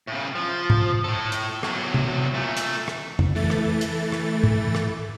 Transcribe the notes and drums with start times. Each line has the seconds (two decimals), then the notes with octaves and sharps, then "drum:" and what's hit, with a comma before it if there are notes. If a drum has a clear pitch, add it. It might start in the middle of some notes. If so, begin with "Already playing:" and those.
0.07 A2 C#3
0.35 F3
0.70 drum: tom G#2
1.04 A2 A4
1.32 drum: hi-hat
1.63 E2 F#3, drum: rim click
1.94 drum: tom C3
2.34 A#2 A3
2.57 drum: hi-hat
2.88 drum: rim click
3.19 drum: tom F2
3.35 E3 A3 A6
3.50 drum: rim click
3.81 drum: hi-hat
4.12 drum: rim click
4.44 drum: tom G#2
4.75 drum: rim click